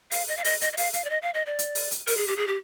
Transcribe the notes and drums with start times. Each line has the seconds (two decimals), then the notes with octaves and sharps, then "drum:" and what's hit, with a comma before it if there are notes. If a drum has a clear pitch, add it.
0.11 F5, drum: open hi-hat
0.28 D#5
0.37 F5
0.44 D#5, drum: open hi-hat
0.61 D#5, drum: hi-hat
0.73 D#5
0.77 F5, drum: open hi-hat
0.93 F5, drum: hi-hat
1.04 D5
1.10 D#5
1.22 F5
1.34 D#5
1.46 D5
1.59 drum: hi-hat
1.75 drum: open hi-hat
1.91 drum: hi-hat
2.07 A#4, drum: open hi-hat
2.17 G#4
2.28 G4
2.37 G#4
2.47 G4